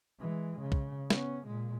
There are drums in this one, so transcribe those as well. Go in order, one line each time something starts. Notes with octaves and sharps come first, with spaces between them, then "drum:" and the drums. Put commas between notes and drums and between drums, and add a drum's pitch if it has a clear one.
E3 G#3
C#3
drum: kick
B3 C#4, drum: snare
A#2 G#3